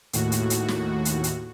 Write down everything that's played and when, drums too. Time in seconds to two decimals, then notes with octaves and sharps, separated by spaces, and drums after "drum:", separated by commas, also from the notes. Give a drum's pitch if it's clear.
0.13 D#2 A2 F#4, drum: hi-hat
0.32 drum: hi-hat
0.50 drum: hi-hat
0.68 drum: snare
1.05 drum: hi-hat
1.24 drum: hi-hat